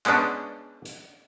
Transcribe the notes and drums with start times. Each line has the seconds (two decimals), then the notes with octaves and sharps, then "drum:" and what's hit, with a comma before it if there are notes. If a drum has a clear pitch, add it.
0.06 G#3 B3 C#4 D4, drum: clap
0.85 drum: hi-hat